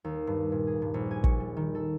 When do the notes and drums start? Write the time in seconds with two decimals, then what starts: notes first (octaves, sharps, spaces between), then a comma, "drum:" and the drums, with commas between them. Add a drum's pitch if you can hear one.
0.04 D#2
0.27 G2
0.52 A#2
0.67 G#4
0.82 G2
0.94 A#1
1.11 G#5
1.24 C#6, drum: kick
1.40 G3
1.57 D#3
1.75 A4